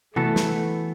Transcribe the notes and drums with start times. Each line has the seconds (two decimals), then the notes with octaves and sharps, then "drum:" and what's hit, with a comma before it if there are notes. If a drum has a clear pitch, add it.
0.16 E3 A3 B3 F#4 A4, drum: tom C3
0.36 drum: snare